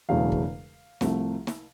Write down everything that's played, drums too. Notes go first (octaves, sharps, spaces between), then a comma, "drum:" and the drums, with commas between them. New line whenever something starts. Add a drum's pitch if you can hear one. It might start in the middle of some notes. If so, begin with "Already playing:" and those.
E1 E2 C#3 F#3 A3 F5
drum: kick
C2 C3 F3 A3, drum: snare
drum: snare